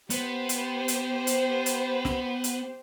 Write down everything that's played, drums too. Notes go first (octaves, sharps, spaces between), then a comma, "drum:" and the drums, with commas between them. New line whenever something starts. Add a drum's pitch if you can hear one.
B3 G4 C5, drum: hi-hat
drum: hi-hat
drum: hi-hat
drum: hi-hat
drum: hi-hat
drum: snare
drum: hi-hat